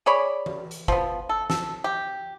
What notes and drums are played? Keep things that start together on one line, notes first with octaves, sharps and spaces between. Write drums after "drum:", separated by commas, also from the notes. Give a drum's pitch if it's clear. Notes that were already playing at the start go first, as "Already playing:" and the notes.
G#4 C#5 D5 B5
drum: tom E3
drum: hi-hat
F3 B3, drum: kick F#1
A4
A4, drum: snare
G4